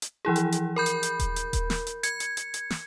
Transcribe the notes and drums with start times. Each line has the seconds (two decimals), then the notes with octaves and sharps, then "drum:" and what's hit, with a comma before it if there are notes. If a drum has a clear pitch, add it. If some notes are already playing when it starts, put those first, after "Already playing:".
0.02 drum: hi-hat
0.25 E3 F3 E4 G#4
0.36 drum: hi-hat
0.52 drum: hi-hat
0.76 A#4 B5 G6
0.86 drum: hi-hat
1.03 drum: hi-hat
1.19 drum: kick D#1, hi-hat
1.36 drum: hi-hat
1.53 drum: kick D#1, hi-hat
1.70 drum: snare
1.87 drum: hi-hat
2.03 G#6 C#7, drum: hi-hat
2.20 drum: hi-hat
2.37 drum: hi-hat
2.54 drum: hi-hat
2.70 drum: snare